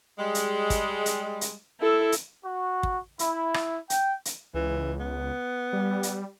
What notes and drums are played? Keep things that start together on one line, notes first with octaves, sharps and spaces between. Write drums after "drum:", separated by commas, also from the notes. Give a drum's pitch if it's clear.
G3 G#3
drum: hi-hat
drum: kick, hi-hat
drum: hi-hat
drum: hi-hat
E4 A4
drum: hi-hat
F#4
drum: kick
E4, drum: hi-hat
drum: rim click
G5, drum: hi-hat
drum: hi-hat
C#2 E3
B3
G3
drum: hi-hat